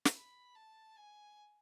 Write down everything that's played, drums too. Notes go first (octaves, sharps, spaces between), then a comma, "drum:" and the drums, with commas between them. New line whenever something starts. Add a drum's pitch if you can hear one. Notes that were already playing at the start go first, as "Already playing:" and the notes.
drum: snare
B5
A5
G#5